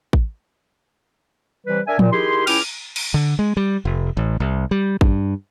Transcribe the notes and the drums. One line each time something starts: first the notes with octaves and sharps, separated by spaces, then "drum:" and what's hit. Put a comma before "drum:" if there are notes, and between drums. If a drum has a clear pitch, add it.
drum: kick A1
C3 E3 G3 B4
D4 A#4 E5 G#5
A#2, drum: tom F3
D#3 E4 G4 G#4 C6
C#2 C#4 E4 G5 D6 F6, drum: cymbal
drum: cymbal
D3
G#3
G3
F1
A1
C2
G3
G2, drum: kick A1